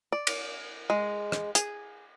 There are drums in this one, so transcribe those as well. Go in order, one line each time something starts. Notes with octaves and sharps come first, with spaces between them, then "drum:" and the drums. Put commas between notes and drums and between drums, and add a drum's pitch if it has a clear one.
D5
drum: cymbal
G#3
drum: rim click
G#4, drum: hi-hat